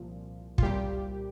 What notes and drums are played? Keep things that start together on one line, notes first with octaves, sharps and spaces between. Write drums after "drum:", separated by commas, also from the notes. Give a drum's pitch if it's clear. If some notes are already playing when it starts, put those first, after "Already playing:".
Already playing: C2 A#2 F3
F4, drum: kick
C2 A#2 G3 G4